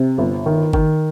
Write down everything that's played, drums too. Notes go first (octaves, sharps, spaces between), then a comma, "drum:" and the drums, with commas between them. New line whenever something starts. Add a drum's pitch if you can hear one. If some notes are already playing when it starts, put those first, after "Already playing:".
Already playing: C3
G1
D#3
D#3, drum: kick G1